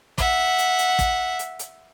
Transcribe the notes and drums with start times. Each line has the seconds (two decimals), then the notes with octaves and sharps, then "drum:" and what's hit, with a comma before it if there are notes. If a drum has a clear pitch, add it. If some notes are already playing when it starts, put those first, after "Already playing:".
0.18 E5 F#5, drum: kick, hi-hat
0.58 drum: hi-hat
0.79 drum: hi-hat
0.99 drum: kick, hi-hat
1.39 drum: hi-hat
1.59 drum: hi-hat